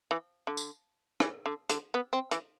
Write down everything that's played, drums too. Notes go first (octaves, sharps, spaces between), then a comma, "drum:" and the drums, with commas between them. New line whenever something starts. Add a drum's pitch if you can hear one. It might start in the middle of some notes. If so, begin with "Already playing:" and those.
E3
D3
drum: tambourine
E3, drum: rim click
D3
D3, drum: hi-hat
B3
C4
E3, drum: hi-hat